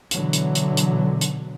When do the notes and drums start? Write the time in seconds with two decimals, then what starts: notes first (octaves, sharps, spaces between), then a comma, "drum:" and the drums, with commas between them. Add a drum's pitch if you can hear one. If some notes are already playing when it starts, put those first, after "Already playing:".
0.11 B2 D3 E3 F#3, drum: hi-hat
0.33 drum: hi-hat
0.55 drum: hi-hat
0.77 drum: hi-hat
1.21 drum: hi-hat